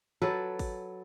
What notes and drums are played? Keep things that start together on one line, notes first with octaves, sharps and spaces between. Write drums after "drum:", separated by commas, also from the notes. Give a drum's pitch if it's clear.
F#3 A4 B4
drum: kick, open hi-hat